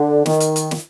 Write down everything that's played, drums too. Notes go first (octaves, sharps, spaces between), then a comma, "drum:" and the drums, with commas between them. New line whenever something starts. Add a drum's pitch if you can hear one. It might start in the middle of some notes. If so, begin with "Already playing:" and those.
Already playing: D3
D#3, drum: snare
drum: hi-hat
drum: hi-hat
drum: snare